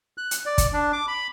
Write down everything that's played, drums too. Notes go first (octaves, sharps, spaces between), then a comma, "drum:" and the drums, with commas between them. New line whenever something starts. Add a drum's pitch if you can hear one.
F#6
drum: hi-hat
D5
drum: kick, hi-hat
D4
D6
B5